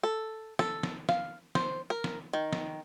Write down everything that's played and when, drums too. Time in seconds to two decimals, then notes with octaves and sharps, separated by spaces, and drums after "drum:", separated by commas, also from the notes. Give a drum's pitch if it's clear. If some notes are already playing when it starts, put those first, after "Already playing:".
0.03 A4
0.59 A4, drum: snare
0.83 drum: snare
1.09 F5, drum: snare
1.55 C5, drum: snare
1.90 A#4
2.04 drum: snare
2.33 D#3
2.53 drum: snare